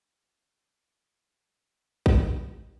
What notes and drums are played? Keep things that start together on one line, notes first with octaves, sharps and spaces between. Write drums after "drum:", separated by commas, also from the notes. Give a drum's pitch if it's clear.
D4
C3
A#2
D#5
D#4
drum: kick